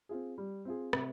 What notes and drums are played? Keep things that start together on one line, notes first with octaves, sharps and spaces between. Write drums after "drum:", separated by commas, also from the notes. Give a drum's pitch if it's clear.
C4 F4 G#4
G3
C4 F4 G#4
C3, drum: rim click